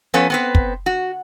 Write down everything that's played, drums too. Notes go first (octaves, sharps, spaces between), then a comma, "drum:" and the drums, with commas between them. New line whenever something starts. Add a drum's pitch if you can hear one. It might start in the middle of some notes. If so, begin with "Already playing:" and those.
F3 B3 C#4 A4 B4
B3 C4 B4
drum: kick
F#4